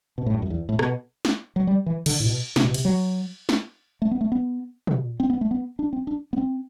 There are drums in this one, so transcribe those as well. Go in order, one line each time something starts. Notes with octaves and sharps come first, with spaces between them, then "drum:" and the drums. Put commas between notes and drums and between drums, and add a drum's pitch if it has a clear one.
B2
A2
G2
F#2
E2
A2
B2, drum: rim click
drum: snare
F#3
G3
E3
D3, drum: cymbal
A2
B2
C3, drum: snare
B2
C3, drum: cymbal
F#3
drum: snare
A3
B3
A3
B3
drum: tom
C4
B3
A3
B3
D4
C4
D4
B3
C4